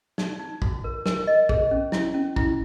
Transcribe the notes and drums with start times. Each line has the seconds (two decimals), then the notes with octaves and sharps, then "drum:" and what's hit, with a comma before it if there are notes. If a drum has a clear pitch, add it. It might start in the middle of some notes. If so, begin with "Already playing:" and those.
0.18 D#4, drum: snare
0.40 D#4
0.62 F#4, drum: kick A1
0.84 A#4
1.06 A#4, drum: snare
1.27 D#5
1.49 G#4, drum: kick A1
1.71 C#4
1.92 E4, drum: snare
2.14 C#4
2.36 E4, drum: kick A1